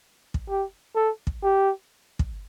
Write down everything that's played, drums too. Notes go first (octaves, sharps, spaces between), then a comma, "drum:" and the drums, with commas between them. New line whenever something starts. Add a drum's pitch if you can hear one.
drum: kick
G4
A4
drum: kick
G4
drum: kick